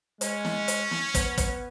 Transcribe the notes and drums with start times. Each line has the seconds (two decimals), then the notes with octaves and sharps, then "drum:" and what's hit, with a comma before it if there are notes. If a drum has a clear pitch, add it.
0.21 G#3 C#4, drum: hi-hat
0.45 drum: snare
0.68 drum: hi-hat
0.91 drum: snare
1.15 B3, drum: kick, hi-hat
1.38 drum: kick, hi-hat